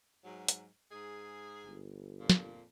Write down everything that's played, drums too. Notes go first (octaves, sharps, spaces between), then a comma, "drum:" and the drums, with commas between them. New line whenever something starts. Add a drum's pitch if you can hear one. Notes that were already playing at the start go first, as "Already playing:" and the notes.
G#2 F#3
drum: hi-hat
G#2 G#4
G1
F2 A#2
drum: snare